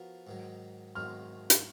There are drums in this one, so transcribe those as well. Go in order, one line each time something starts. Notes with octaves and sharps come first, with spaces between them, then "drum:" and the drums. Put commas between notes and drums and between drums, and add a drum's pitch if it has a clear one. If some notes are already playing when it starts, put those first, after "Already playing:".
Already playing: F3 B3 F#4 A#4
G#2 D#3 F#3
G#2 D#3 F#3 F6
drum: hi-hat